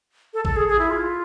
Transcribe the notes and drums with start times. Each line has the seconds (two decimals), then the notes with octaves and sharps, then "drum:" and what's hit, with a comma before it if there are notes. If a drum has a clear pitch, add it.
0.34 A4
0.45 A4, drum: kick A1
0.56 G#4
0.68 G#4
0.79 E4
0.90 F4